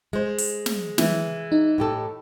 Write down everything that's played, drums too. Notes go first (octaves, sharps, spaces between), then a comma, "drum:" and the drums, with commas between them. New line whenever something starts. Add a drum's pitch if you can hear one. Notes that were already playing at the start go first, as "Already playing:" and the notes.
G#3 C5
drum: open hi-hat
drum: snare
E3, drum: snare
D#4
A2 G4 A4